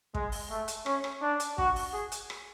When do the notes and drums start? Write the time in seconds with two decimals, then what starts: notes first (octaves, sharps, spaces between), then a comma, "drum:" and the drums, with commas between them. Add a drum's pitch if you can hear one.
0.15 G#3, drum: kick
0.32 drum: open hi-hat
0.50 A3
0.68 drum: hi-hat
0.86 C#4, drum: rim click
1.04 drum: rim click
1.22 D4
1.40 drum: hi-hat
1.58 F#4, drum: kick
1.76 drum: open hi-hat
1.93 G#4
2.12 drum: hi-hat
2.30 drum: rim click